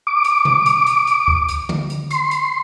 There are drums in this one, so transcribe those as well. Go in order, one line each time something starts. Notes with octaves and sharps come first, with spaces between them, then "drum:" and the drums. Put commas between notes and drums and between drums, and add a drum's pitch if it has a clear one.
D6
drum: hi-hat
drum: tom B2
drum: hi-hat
drum: hi-hat
drum: hi-hat
drum: kick C#2
drum: hi-hat
drum: tom D3
drum: hi-hat
C6, drum: hi-hat
drum: hi-hat